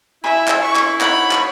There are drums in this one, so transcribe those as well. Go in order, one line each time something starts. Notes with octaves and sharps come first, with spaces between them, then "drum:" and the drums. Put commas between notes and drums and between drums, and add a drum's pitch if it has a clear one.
E4 E5 G#5 B5
drum: clap
E4 C#6
drum: clap
D#4 C#5 F#5 B5, drum: clap
drum: clap